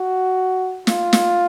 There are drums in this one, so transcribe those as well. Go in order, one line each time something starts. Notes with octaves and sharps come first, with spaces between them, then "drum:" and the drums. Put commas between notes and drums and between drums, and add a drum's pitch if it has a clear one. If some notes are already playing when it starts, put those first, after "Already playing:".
Already playing: F#4
F4, drum: snare
drum: snare